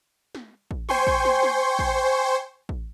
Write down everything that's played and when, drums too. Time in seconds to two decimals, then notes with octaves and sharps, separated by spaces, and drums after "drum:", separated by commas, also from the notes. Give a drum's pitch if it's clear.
0.35 drum: snare
0.71 drum: kick A1
0.89 C5 G5 G#5 C6 C#6, drum: snare
1.07 drum: kick A1
1.25 drum: snare
1.43 drum: snare
1.79 drum: kick A1
2.69 drum: kick A1